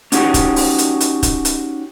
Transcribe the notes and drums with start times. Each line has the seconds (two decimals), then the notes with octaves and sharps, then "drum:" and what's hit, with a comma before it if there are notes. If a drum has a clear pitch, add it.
0.12 C#4 D#4 F#4 G4, drum: hi-hat
0.34 drum: kick, hi-hat
0.56 drum: open hi-hat
0.78 drum: hi-hat
1.00 drum: hi-hat
1.23 drum: kick, hi-hat
1.45 drum: hi-hat